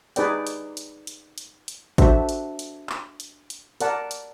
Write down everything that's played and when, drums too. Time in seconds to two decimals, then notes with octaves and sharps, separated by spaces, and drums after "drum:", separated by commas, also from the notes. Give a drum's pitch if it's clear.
0.16 D#4 G#4 B4 D5 G5, drum: hi-hat
0.47 drum: hi-hat
0.77 drum: hi-hat
1.07 drum: hi-hat
1.38 drum: hi-hat
1.68 drum: hi-hat
1.98 D4 F#4 A4 C5 E5, drum: kick, hi-hat
2.29 drum: hi-hat
2.59 drum: hi-hat
2.89 drum: clap
3.20 drum: hi-hat
3.50 drum: hi-hat
3.80 A#4 D5 F#5 A5, drum: hi-hat
4.11 drum: hi-hat